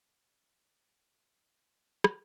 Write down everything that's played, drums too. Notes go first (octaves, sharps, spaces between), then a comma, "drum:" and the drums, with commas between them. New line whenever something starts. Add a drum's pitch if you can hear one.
F#1 F2
drum: rim click